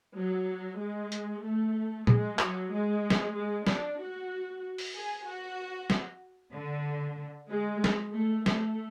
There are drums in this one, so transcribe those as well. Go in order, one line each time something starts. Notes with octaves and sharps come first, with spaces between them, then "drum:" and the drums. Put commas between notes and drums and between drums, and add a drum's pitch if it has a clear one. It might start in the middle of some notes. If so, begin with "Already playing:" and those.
F#3
G#3
drum: hi-hat
A3
G#3, drum: tom A#2
F#3, drum: clap
G#3
drum: snare
G#3
D4, drum: snare
F#4
drum: open hi-hat
G#4
F#4
drum: snare
D3
G#3
drum: snare
A3
A3, drum: snare